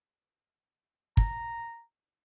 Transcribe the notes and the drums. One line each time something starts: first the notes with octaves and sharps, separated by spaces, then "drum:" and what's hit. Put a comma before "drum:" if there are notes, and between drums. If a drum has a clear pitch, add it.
A#5, drum: kick